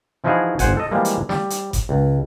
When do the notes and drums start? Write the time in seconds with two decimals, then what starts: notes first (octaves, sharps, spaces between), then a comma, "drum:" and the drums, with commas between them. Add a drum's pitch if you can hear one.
0.24 E3 F3 D#4 E4 F#4 G#4
0.59 G1 C5 F#5 G#5, drum: kick F1, hi-hat
0.77 A4 D#5
0.91 E3 F3 G3 G#3 A#3
1.05 drum: hi-hat
1.29 G3, drum: snare
1.50 drum: hi-hat
1.73 drum: kick F1, hi-hat
1.89 C#2